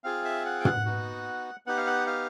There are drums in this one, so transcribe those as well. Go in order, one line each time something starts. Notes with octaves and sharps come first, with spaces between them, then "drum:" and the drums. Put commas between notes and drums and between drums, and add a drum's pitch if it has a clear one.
C4 F4 G#4 F5
E5
F#5
G5
F#5, drum: tom
B3 D#4 F#4
B3 D#4 G4 F#5
F5
F#5
F5